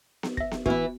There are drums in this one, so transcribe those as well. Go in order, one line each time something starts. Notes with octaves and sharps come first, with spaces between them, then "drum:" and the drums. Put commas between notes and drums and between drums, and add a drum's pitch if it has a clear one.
drum: snare B3
E5 A#6, drum: kick
drum: snare B3
E3 B3 E4 F#4, drum: kick